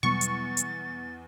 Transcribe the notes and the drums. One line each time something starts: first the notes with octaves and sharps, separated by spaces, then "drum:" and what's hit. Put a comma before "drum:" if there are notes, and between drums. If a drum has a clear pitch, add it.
E2 B2 F#3 G3 C#6 A6
drum: hi-hat
drum: hi-hat